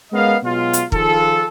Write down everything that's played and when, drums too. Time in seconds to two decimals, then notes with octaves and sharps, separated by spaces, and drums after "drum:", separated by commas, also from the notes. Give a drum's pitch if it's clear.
0.13 G#3 B3 C#4 A#4 D#5 F5
0.43 B2 F#3 G#3 F4
0.73 drum: hi-hat
0.92 D#3 F3 F4 G#4 A4, drum: kick